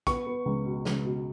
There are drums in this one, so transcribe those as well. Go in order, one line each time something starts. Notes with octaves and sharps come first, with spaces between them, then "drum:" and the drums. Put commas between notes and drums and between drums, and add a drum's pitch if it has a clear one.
B3 C#6, drum: kick, hi-hat
B3
C#2
B2
C#2, drum: snare
B2